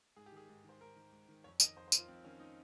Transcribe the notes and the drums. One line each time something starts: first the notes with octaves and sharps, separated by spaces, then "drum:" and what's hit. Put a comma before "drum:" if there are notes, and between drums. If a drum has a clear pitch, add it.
G#2 G#4
G4
D#3 G#4
G#2
D#3 C5
G#2 A#4
D#3
G#2
D#3
F2 C#5
D#3 D#5, drum: tambourine
F2 C5
C5
D#3, drum: tambourine
F4
F2 C4
D#3 C#4
D#4